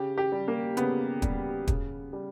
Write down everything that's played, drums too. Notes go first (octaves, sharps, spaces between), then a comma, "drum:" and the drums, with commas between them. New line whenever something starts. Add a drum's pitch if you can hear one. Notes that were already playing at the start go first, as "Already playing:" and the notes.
Already playing: C#3 G4
G4
G3
A#3
C#3 B3, drum: hi-hat
G3, drum: kick, hi-hat
C#3, drum: kick, hi-hat
G3